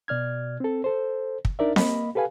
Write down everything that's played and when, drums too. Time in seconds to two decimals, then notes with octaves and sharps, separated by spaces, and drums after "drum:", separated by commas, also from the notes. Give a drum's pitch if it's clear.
0.08 B2 D5 F6 G#6
0.60 C4 A4
0.84 A4 C5
1.45 drum: kick
1.59 D4 D#4 A#4 D5 E5
1.76 A#3 D#5 B5, drum: snare C4
2.15 G4 A4 B4 F5 G#5